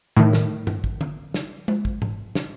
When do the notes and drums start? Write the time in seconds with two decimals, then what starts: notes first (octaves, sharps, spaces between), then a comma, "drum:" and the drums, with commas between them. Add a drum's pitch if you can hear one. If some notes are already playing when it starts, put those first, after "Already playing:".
0.16 A2 D#3
0.33 drum: snare
0.67 drum: tom G2
0.84 drum: kick
1.01 drum: tom D3
1.34 drum: snare
1.68 drum: tom G#3
1.85 drum: kick
2.02 drum: tom G#2
2.35 drum: snare